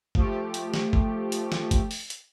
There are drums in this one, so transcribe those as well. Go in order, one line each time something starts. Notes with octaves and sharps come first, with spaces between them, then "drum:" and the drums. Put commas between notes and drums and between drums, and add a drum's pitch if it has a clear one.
F3 A3 G4, drum: kick
drum: hi-hat
drum: snare
drum: kick
drum: hi-hat
drum: snare
drum: kick, hi-hat
drum: open hi-hat
drum: hi-hat